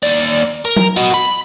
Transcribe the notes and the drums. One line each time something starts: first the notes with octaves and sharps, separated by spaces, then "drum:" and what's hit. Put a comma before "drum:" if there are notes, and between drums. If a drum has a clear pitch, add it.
D#2 D5
A#4
drum: tom F#3
F#4 D#5
B5